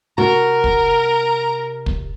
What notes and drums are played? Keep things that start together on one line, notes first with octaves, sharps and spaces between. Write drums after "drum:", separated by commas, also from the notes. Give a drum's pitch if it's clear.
C3 F#4 A#4 A#5
drum: kick
drum: kick